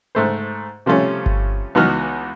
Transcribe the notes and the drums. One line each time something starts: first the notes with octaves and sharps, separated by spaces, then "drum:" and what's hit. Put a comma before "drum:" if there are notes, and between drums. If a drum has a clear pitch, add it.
G#2 A3 C5
C3 F3 G3 A3 C#4
drum: kick G1
C#2 E3 B3 D#4 F#4 F6